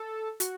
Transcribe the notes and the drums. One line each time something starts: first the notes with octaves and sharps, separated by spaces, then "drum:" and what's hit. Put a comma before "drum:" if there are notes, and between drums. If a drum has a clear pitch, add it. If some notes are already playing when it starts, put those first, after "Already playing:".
Already playing: A4
F#4, drum: hi-hat